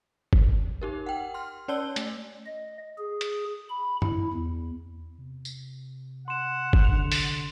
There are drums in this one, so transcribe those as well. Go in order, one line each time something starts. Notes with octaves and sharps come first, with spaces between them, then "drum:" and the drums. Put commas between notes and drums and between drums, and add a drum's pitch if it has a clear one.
drum: kick
D#4 G4 A#4
F#5 G5
C6 F6
C#4 C#5 D5 A5 E6 G7
A3, drum: hi-hat
D#5
G#4
drum: hi-hat
B5
E4, drum: tom F#2
E2
C3
drum: tambourine
F#5 C6 E7
drum: kick
D3 F7
drum: open hi-hat